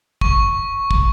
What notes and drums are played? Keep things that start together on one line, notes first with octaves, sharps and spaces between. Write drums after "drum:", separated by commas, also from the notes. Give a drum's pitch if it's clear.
C#6, drum: kick
drum: kick